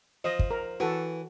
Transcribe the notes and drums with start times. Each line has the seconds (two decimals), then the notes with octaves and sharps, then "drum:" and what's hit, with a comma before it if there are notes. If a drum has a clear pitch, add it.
0.24 F3 D#5
0.39 drum: kick
0.51 A#4
0.80 E3 F#4 A4